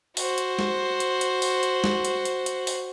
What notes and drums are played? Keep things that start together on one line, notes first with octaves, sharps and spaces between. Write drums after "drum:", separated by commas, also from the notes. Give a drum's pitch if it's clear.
F#4 C5, drum: open hi-hat
drum: hi-hat
drum: snare
drum: hi-hat
drum: hi-hat
drum: open hi-hat
drum: hi-hat
drum: snare
drum: hi-hat
drum: hi-hat
drum: hi-hat
drum: open hi-hat